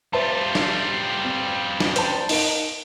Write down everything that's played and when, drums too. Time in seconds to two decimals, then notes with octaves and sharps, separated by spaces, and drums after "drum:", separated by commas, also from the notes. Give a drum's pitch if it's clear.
0.13 G3 F4 C5 E5 A5
0.55 drum: snare
1.24 C4
1.80 drum: snare
1.96 C5 A5, drum: hi-hat
2.29 D#4 A#4 D7, drum: open hi-hat